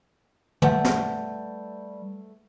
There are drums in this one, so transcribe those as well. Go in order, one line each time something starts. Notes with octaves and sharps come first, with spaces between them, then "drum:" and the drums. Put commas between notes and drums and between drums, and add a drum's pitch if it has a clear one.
G3 A3 B4 F#5 G6, drum: tom
drum: snare